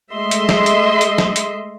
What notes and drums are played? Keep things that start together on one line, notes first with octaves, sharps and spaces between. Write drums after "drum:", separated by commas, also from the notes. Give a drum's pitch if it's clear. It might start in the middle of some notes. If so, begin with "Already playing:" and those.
G#3 A3 D#5 E5 C6
drum: hi-hat
drum: snare
drum: hi-hat
drum: hi-hat
drum: snare
drum: hi-hat